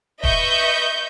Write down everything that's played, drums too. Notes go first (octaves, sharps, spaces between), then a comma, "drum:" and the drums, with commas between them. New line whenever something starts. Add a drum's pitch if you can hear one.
B4 D#5 E5 C#6 G6, drum: kick D#1